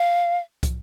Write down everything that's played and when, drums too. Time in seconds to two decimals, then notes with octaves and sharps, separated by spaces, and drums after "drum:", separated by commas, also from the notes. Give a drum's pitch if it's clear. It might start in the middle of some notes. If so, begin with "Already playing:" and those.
Already playing: F5
0.63 drum: kick, hi-hat